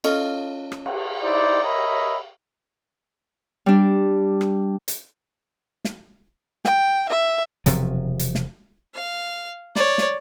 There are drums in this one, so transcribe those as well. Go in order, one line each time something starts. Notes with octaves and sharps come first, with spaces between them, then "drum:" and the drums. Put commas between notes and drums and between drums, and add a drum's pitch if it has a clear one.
C#4 F4 A4 D#5, drum: cymbal
drum: rim click
drum: cymbal
D#4 E4 C5 D5
A#4 C#5 D#5 E5 A#5 B5
G3 D4
drum: rim click
drum: hi-hat
drum: snare
G5, drum: snare
E5
E1 C3 F3 F#3, drum: hi-hat
drum: hi-hat
drum: snare
F5
C#5 D5, drum: snare
drum: snare